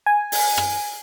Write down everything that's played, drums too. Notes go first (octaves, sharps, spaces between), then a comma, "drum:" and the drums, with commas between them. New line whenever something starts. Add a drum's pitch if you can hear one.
G#5
drum: open hi-hat
drum: rim click